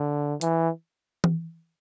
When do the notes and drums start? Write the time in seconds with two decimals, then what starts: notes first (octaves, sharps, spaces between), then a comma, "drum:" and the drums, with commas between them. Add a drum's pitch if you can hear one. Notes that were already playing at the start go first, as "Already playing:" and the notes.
Already playing: D3
0.41 E3, drum: hi-hat
1.24 drum: tom E3